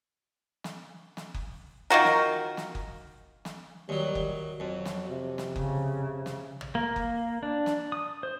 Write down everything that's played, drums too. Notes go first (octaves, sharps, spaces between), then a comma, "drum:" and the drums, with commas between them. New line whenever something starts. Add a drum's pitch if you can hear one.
drum: snare
drum: snare
drum: kick F#1
D#3 F4 F#4 A#4
drum: snare
drum: snare
drum: kick F#1
drum: snare
D#2 F#3 G3
drum: kick F#1
F2 F#3
drum: snare
C3
drum: snare
C#3, drum: kick F#1
drum: snare
drum: tom
A#3
drum: kick F#1
D4
drum: snare
D#6
C5